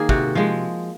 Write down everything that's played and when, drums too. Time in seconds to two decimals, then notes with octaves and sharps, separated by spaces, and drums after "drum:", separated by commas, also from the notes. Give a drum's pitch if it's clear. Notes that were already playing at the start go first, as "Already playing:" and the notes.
Already playing: D#3 A#3 G#4
0.09 C3 F#4, drum: kick
0.35 F3 G#3